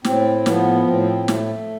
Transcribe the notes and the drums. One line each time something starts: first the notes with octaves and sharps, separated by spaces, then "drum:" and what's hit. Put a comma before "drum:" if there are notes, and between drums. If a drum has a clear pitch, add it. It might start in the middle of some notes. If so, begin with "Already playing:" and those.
A2 C4, drum: snare
F3 B3, drum: snare
A2 C4
A3, drum: snare